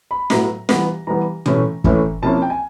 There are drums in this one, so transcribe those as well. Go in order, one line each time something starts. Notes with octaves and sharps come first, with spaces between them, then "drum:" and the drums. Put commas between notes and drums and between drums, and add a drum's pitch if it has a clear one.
B5
A2 F#3 B3 E4 A#5, drum: snare
E3 G3 B3, drum: snare
E3 G3 B3 A#5
A2 E3 A3 C#4 E4, drum: tom
A2 E3 A3 C#4 E4, drum: kick
C3 F3 A#3 C#4 E4 A5
G5
G#5